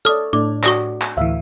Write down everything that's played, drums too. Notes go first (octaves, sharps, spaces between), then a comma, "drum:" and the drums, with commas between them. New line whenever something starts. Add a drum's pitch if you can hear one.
A4 C#5 D5 D#6 F6
A2 A3 D4 D6
F#4 D5 C#6 D#6 A#6, drum: clap
drum: clap
D2 A2 E3 E5 F5